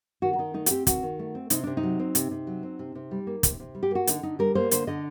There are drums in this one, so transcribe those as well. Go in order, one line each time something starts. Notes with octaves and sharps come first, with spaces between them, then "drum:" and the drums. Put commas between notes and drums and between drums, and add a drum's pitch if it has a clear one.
D#3 F#4
F#4
D#3 D#4
A3 D#4
F#4, drum: hi-hat
C4 G4
D#3 F#4, drum: kick, hi-hat
D#3
A3
C4
C3 D#4, drum: hi-hat
C3 D4
D#4
F#3
C4
C3, drum: hi-hat
C3
F#3
C4
C3
C3
G3
A#3
C3, drum: kick, hi-hat
C3
G3
G4
A#3 F#4
D3 D#4, drum: hi-hat
D3 D#4
G3 A#4
A#3 C5
D3 C5, drum: hi-hat
D3 D#5